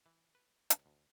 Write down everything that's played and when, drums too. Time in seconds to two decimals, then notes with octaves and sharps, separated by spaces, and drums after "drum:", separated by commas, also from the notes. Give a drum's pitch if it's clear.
0.06 E3
0.35 B4
0.70 C#2, drum: hi-hat
0.86 D2